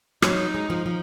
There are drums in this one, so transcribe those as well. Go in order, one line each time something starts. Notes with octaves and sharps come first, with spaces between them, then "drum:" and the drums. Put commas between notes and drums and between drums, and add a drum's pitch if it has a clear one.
F#3 D#4, drum: rim click
G#3
F3
F3